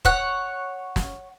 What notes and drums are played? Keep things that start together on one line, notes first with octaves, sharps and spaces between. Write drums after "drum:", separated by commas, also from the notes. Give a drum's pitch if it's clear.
C#5 F#5, drum: kick
drum: snare